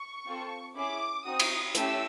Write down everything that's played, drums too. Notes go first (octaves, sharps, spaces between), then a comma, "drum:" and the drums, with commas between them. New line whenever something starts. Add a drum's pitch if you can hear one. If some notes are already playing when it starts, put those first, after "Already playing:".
Already playing: C#6
C4 F4 A4
C#4 E4 G#4 D6
C4 D#4 F#4 D#6
drum: cymbal
A3 C#4 E4 G4 E6, drum: hi-hat